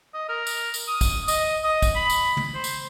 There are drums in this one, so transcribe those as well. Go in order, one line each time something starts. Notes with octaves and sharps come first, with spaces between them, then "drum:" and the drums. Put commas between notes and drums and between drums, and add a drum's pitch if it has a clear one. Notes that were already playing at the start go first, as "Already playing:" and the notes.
D#5
A#4
drum: tambourine
drum: tambourine
D#6
drum: kick, tambourine
D#5, drum: tambourine
D#5
drum: kick, tambourine
B5
drum: tambourine
drum: tom
C5
drum: tambourine